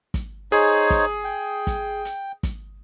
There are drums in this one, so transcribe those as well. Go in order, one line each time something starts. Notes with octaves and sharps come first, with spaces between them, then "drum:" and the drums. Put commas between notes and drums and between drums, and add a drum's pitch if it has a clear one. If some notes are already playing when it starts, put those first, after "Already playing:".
drum: kick, hi-hat
D#4 G#4 C5 C#5, drum: hi-hat
drum: kick, hi-hat
G5
drum: kick, hi-hat
drum: hi-hat
drum: kick, hi-hat